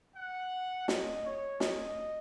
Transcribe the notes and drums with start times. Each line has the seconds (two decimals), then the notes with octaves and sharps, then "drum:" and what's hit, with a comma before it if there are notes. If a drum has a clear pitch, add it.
0.16 F#5
0.88 D#5, drum: snare
1.25 C#5
1.60 D#5, drum: snare